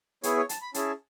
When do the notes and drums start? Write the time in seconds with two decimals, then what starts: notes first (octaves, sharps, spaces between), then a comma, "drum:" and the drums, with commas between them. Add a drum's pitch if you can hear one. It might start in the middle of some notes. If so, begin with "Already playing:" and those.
0.23 B3 E4 G#4 C#5, drum: hi-hat
0.37 C#5
0.49 A5, drum: hi-hat
0.61 B5
0.74 C#4 E4 G#4 A5, drum: hi-hat